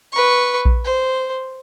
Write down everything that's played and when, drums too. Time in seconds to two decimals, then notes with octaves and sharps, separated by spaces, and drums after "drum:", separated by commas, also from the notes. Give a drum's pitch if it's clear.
0.12 B4 C#6
0.65 drum: kick A#1
0.85 C5